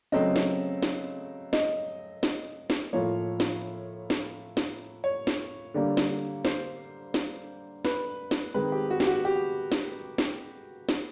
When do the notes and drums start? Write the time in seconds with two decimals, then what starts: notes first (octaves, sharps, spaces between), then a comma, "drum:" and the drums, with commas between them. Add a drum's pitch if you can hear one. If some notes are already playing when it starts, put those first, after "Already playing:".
0.12 C#3 F#3 A3 C4 D#5
0.36 drum: snare
0.83 drum: snare
1.53 D#5, drum: snare
2.23 drum: snare
2.70 drum: snare
2.93 A2 F3 A#3 C#5
3.40 drum: snare
4.10 drum: snare
4.57 drum: snare
5.04 C#5
5.27 drum: snare
5.74 D3 G3 A#3
5.97 drum: snare
6.45 C5, drum: snare
7.14 drum: snare
7.85 B4, drum: snare
8.31 drum: snare
8.54 D#3 G#3 C4 B4
8.72 G4
8.90 F#4
9.00 G4, drum: snare
9.07 F#4
9.25 G4
9.72 drum: snare
10.18 drum: snare
10.89 drum: snare